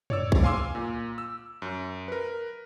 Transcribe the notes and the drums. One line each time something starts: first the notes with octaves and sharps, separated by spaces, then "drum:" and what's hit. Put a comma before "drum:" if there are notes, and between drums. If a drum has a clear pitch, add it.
C#5 D5 E6, drum: tom
drum: kick
F5 G#5 C6 D6 E6
A#2
E6
F#2
A#4 B4